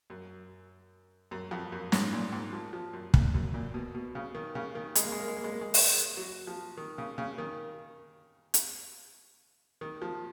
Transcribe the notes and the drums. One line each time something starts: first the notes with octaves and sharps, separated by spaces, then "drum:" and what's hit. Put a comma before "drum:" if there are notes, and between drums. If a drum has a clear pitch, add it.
F#2
F#2
F2
F#2
G#2, drum: snare
A#2
G#2
F3
F3
F#2
A#2, drum: kick
F#2
A#2
B2
B2
C#3
D#3
C#3
D#3
G#3, drum: hi-hat
A#3
G#3
A#3
G#3
A#3
G#3
A#3
G#3
drum: open hi-hat
F#3
F3
D#3
C#3
C#3
D#3
drum: hi-hat
D#3
F3